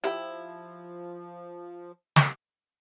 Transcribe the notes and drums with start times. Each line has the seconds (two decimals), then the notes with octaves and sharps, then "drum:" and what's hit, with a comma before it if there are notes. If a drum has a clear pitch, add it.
0.04 F3 E4 G4 E5 G5, drum: hi-hat
2.16 drum: snare